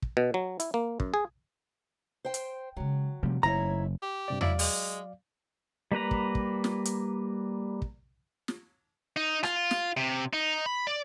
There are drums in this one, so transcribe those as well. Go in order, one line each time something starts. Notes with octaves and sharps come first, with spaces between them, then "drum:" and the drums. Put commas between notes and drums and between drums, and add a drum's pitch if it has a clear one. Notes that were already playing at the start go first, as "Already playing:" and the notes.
drum: kick
B2
F#3
E4, drum: hi-hat
A#3
F#2, drum: kick
G#4
C5 G5
drum: hi-hat
C#3 F#3 G#3
C3 F3 G3 A3
F#1 G#2 E4 C#5 A#5
G4
G2 C3 D5
F#3 E4 D5 F5, drum: tom E2
G#3, drum: open hi-hat
G3 A#3 B4 A#5
drum: kick
drum: kick
drum: snare
drum: hi-hat
drum: kick
drum: snare
D#4
F4, drum: rim click
drum: snare
C3
D#4
B5
D5